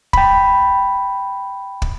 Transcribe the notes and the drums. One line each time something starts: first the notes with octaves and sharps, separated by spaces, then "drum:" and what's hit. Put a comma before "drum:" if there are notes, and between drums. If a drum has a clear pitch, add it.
G5 B5, drum: kick
drum: kick